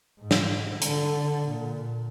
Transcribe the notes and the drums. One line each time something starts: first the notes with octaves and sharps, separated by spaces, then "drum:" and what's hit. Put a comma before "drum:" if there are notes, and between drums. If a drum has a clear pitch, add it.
G#2
drum: snare
D3, drum: hi-hat
A#2